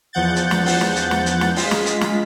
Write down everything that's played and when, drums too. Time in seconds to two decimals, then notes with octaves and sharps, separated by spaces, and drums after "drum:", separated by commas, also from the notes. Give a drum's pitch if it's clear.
0.13 E2 F3 F#5 G6 A6
0.36 drum: hi-hat
0.51 drum: snare
0.66 drum: open hi-hat
0.81 drum: snare
0.96 drum: hi-hat
1.11 drum: snare
1.26 drum: hi-hat
1.41 drum: snare
1.56 G#3 F4 B6, drum: open hi-hat
1.71 drum: snare
1.86 drum: hi-hat
2.01 drum: snare